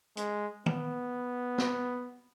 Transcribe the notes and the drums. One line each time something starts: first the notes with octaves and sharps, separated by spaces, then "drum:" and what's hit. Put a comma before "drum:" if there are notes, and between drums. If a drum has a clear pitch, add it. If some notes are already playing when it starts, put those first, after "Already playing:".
G#3, drum: hi-hat
B3, drum: tom
drum: snare